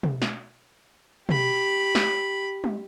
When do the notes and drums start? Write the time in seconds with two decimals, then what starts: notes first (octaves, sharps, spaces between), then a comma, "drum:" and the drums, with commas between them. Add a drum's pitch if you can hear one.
0.03 drum: tom
0.22 drum: snare
1.29 G4 B5, drum: tom
1.95 drum: snare
2.64 drum: tom G3